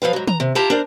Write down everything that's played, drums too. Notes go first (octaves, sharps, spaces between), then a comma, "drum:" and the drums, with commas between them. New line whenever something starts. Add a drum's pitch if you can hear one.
F#2 F3 B4 F5
G#2 F#3
A#5, drum: tom D#3
C3
E4 F4 G4 A5 A#5
D4 A#4 C5